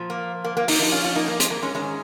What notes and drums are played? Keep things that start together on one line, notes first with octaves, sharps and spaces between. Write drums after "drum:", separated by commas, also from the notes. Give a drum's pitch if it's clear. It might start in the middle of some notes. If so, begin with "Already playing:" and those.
Already playing: A#2 F3
A#3
A#3
A#3
A#3 D#4, drum: open hi-hat
A#2 F3 D#4
C#4 F4
C#4 F4
A#3 D#4
A#3
G#3, drum: hi-hat
A#3
G#3 C#4
G#2 D#3 G#3 C#4